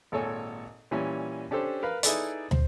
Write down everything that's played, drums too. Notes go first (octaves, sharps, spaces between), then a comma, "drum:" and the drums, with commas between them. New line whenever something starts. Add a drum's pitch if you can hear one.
G#1 A#2 A4 C#5 G#5
A#2 E3 G3 C#4
C#4 D4 G4 A4 C5
A#4 B4 F5
D#4 E4 G#4 A4 B4 D5, drum: hi-hat
C5, drum: tom